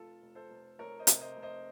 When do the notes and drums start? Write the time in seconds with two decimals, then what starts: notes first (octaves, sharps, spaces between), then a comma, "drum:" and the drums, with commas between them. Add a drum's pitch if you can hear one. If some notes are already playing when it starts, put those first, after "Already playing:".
Already playing: F1 F4 A4
0.22 F1
0.35 A4 C5
0.49 F1
0.79 F1 A#4 C#5
1.00 C5 D#5
1.07 C3, drum: hi-hat
1.21 C5 D#5
1.36 F1
1.42 C5 D#5